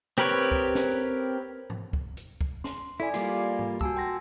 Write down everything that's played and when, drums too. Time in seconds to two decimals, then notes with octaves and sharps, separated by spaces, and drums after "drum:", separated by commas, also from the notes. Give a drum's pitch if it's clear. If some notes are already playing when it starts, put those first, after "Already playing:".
0.18 C4 G4 A#4 B4 C#5
0.51 drum: kick
0.75 drum: snare
1.70 drum: tom G#2
1.93 drum: kick
2.17 drum: hi-hat
2.41 drum: kick
2.64 C6, drum: snare
3.00 E4 A4 D5 G#5
3.14 G3 A#3 F4, drum: hi-hat
3.59 drum: tom G#2
3.81 F#4 G#5 A5 E6, drum: kick
3.97 G5 C6 A#6